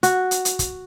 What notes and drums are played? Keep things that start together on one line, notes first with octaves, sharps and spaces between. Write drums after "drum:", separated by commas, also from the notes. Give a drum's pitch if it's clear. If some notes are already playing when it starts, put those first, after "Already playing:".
F#4, drum: hi-hat
drum: hi-hat
drum: hi-hat
drum: kick, hi-hat